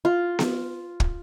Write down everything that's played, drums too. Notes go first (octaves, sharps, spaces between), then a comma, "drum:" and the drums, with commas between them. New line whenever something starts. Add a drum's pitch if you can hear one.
F4
drum: snare B3
drum: kick